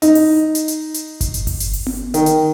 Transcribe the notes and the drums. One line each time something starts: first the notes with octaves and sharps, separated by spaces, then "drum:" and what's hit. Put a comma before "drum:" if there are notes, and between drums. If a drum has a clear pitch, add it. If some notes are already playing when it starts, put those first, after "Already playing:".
D#4, drum: hi-hat
drum: open hi-hat
drum: hi-hat
drum: hi-hat
drum: hi-hat
drum: kick G1, hi-hat
drum: hi-hat
drum: kick G1, open hi-hat
drum: hi-hat
drum: open hi-hat
drum: tom B3
D#3, drum: hi-hat
drum: hi-hat